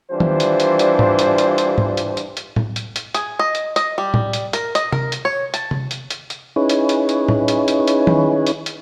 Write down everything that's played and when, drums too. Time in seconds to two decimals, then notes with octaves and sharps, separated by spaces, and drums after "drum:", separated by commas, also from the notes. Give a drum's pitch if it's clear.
0.11 E3 G3 D4 F4 C5
0.20 drum: tom D#3
0.40 drum: hi-hat
0.60 drum: hi-hat
0.79 drum: hi-hat
0.99 drum: tom G#2
1.19 drum: hi-hat
1.38 drum: hi-hat
1.58 drum: hi-hat
1.78 drum: tom G#2
1.97 drum: hi-hat
2.17 drum: hi-hat
2.37 drum: hi-hat
2.56 drum: tom A2
2.76 drum: hi-hat
2.96 drum: hi-hat
3.14 G#4, drum: hi-hat
3.39 D#5
3.55 drum: hi-hat
3.76 D#5, drum: hi-hat
3.98 G3
4.14 drum: tom A2
4.33 drum: hi-hat
4.53 A#4, drum: hi-hat
4.75 D#5, drum: hi-hat
4.92 A#4, drum: tom C3
5.12 drum: hi-hat
5.25 C#5
5.54 A5, drum: hi-hat
5.71 drum: tom C3
5.91 drum: hi-hat
6.10 drum: hi-hat
6.30 drum: hi-hat
6.56 C#4 D#4 E4 G#4 B4 C#5
6.69 drum: hi-hat
6.89 drum: hi-hat
7.09 drum: hi-hat
7.29 drum: tom A2
7.48 drum: hi-hat
7.68 drum: hi-hat
7.88 drum: hi-hat
8.07 drum: tom D#3
8.47 drum: hi-hat
8.66 drum: hi-hat